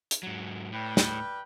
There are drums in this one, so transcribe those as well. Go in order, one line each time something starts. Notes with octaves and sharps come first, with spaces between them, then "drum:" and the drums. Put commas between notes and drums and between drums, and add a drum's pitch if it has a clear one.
drum: hi-hat
G#2 F#3
A2 G3 B4 G5
drum: snare